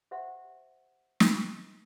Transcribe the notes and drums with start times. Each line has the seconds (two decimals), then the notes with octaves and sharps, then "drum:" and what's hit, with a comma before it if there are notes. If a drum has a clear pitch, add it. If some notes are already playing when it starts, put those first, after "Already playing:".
0.11 G4 C5 E5 F#5 C6
1.20 drum: snare